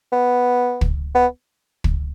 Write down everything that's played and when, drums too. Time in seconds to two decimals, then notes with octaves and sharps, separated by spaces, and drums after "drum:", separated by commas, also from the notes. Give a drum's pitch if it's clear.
0.12 B3
0.81 drum: kick
1.15 B3
1.84 drum: kick